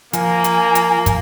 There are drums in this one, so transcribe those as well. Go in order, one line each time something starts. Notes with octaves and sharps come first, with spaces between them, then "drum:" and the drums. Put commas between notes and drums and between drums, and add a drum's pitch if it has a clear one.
F3 A#3 G#5, drum: hi-hat
drum: hi-hat
drum: hi-hat
drum: kick, hi-hat